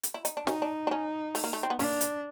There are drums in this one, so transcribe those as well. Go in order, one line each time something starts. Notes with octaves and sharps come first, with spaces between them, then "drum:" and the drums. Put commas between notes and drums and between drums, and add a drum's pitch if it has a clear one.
drum: hi-hat
E4
D#4, drum: hi-hat
D4
C#4 D#4, drum: snare
D4
D4
C#4
A3, drum: open hi-hat
A#3
A3
C4
B3
A#3 D4, drum: open hi-hat
drum: hi-hat